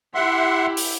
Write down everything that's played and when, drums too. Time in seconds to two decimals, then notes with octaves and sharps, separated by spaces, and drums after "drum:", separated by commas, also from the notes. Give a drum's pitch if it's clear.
0.15 E4 G4 E5 F#5 C6
0.77 drum: open hi-hat